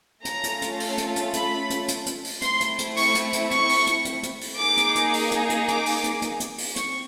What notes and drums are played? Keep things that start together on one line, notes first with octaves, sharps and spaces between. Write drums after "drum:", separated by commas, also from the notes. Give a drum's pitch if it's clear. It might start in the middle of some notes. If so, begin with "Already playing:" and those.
A3 C#4 F4 A4 A#5, drum: hi-hat
drum: hi-hat
drum: hi-hat
drum: open hi-hat
drum: hi-hat
drum: hi-hat
B5, drum: hi-hat
drum: hi-hat
drum: hi-hat
drum: hi-hat
drum: open hi-hat
A3 C4 E4 C6, drum: hi-hat
drum: hi-hat
drum: hi-hat
C#6, drum: open hi-hat
drum: hi-hat
drum: hi-hat
C#6, drum: hi-hat
drum: open hi-hat
drum: hi-hat
drum: hi-hat
drum: hi-hat
drum: open hi-hat
A#3 D#4 G#4 D6
drum: hi-hat
drum: hi-hat
drum: open hi-hat
drum: hi-hat
drum: hi-hat
D6, drum: hi-hat
drum: open hi-hat
drum: hi-hat
drum: hi-hat
drum: hi-hat
drum: open hi-hat
C4 C#6, drum: hi-hat